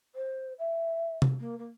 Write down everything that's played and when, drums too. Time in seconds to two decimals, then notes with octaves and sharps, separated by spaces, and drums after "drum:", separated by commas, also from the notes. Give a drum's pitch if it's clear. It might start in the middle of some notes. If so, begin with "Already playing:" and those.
0.14 C5
0.58 E5
1.22 drum: tom C3
1.39 A#3
1.58 A#3